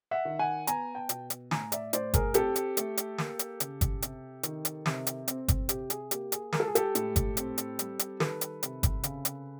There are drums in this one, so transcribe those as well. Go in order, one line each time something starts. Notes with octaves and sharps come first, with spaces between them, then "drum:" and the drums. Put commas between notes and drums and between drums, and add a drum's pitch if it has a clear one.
E5 F#5
D#3
F#5 G#5
B3 G#5 A#5, drum: hi-hat
G5 A5
B2, drum: hi-hat
drum: hi-hat
A2 G#5 A#5, drum: snare
D5 E5, drum: hi-hat
A2 C5 D5, drum: hi-hat
G#4 A#4, drum: kick G1, hi-hat
C4 G4 A4, drum: hi-hat
drum: hi-hat
A3, drum: hi-hat
drum: hi-hat
A#3, drum: snare
drum: hi-hat
C#3, drum: hi-hat
drum: kick G1, hi-hat
C3, drum: hi-hat
D#3, drum: hi-hat
drum: hi-hat
C3, drum: snare
drum: hi-hat
C4, drum: hi-hat
drum: kick G1, hi-hat
C3 G4, drum: hi-hat
G#4, drum: hi-hat
A#3 G4, drum: hi-hat
G#4, drum: hi-hat
G#3 A#4, drum: snare
A4
G#4
G4 A4, drum: hi-hat
A2, drum: hi-hat
drum: kick G1, hi-hat
C4, drum: hi-hat
drum: hi-hat
G3, drum: hi-hat
drum: hi-hat
D#3 A4 B4, drum: snare
drum: hi-hat
C3, drum: hi-hat
drum: kick G1, hi-hat
C#3, drum: hi-hat
drum: hi-hat